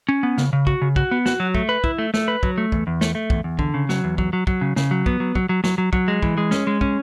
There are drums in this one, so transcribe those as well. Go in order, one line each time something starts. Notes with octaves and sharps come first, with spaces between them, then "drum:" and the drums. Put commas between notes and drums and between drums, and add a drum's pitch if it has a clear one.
C#4
B3
C#3, drum: snare
C#3
F#4, drum: kick
C#3
F#4, drum: kick
B3
F#4, drum: snare
F#3
A3, drum: kick
B4
E4, drum: kick
A3
A3, drum: snare
B4
F#3, drum: kick
A3
E2, drum: kick
E2
A3, drum: snare
A3
E2, drum: kick
E2
D3, drum: kick
C#3
F#3, drum: snare
E2
F#3, drum: kick
F#3
F#3, drum: kick
C#3
C#3, drum: snare
F#3
B3, drum: kick
F#3
F#3, drum: kick
F#3
F#3, drum: snare
F#3
F#3, drum: kick
G#3
E3, drum: kick
G#3
C#4, drum: snare
G#3
C#4, drum: kick